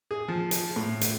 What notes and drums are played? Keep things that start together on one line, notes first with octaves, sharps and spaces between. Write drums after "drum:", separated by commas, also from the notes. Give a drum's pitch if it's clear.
G#4
F3
drum: hi-hat
A2
drum: hi-hat